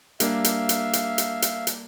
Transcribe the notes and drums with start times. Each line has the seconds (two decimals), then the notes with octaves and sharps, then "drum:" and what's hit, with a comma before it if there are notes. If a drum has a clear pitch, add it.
0.20 G3 A#3 D4 E5 F5, drum: hi-hat
0.44 drum: hi-hat
0.69 drum: hi-hat
0.93 drum: hi-hat
1.18 drum: hi-hat
1.42 drum: hi-hat
1.67 drum: hi-hat